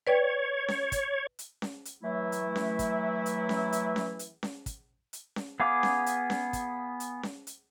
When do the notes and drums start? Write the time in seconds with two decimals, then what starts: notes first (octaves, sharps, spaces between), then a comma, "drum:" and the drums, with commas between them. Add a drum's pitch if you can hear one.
0.07 B4 C#5 D5 G5
0.68 drum: snare C#4
0.92 drum: kick, hi-hat
1.39 drum: hi-hat
1.62 drum: snare C#4
1.85 drum: hi-hat
2.03 E3 F#3 A3 E4
2.32 drum: hi-hat
2.56 drum: snare C#4
2.79 drum: kick, hi-hat
3.26 drum: hi-hat
3.49 drum: snare C#4
3.72 drum: hi-hat
3.96 drum: snare C#4
4.19 drum: hi-hat
4.43 drum: snare C#4
4.66 drum: kick, hi-hat
5.13 drum: hi-hat
5.36 drum: snare C#4
5.60 B3 G#4 F5 D6
5.83 drum: snare C#4
6.06 drum: hi-hat
6.30 drum: snare C#4
6.53 drum: kick, hi-hat
7.00 drum: hi-hat
7.23 drum: snare C#4
7.47 drum: hi-hat